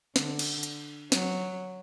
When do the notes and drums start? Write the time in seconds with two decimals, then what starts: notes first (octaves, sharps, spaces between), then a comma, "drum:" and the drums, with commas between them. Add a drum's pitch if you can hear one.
0.16 D3, drum: snare
0.39 drum: cymbal
0.63 drum: hi-hat
1.12 F#3, drum: snare